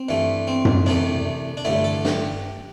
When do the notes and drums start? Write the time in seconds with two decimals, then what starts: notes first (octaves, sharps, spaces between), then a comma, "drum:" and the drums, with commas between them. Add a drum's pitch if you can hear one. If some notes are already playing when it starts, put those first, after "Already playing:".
Already playing: C4
0.09 G2 E3 A3
0.48 C4
0.65 drum: tom F#2
0.86 C2 C3 E3 A3 D4
1.57 D4
1.65 A1 G2 D3 A3 E4
1.84 A4
2.05 G4, drum: snare